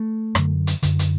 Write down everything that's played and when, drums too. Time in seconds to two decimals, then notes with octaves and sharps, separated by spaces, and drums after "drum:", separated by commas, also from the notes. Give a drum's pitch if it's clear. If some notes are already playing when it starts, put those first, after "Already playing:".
Already playing: A3
0.35 F#2 D3, drum: rim click
0.67 drum: hi-hat
0.83 F#2 D3, drum: hi-hat
0.99 drum: hi-hat